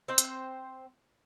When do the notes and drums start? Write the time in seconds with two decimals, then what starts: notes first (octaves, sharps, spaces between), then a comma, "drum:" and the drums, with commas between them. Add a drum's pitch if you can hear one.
0.08 C4 C5 G5
0.18 drum: hi-hat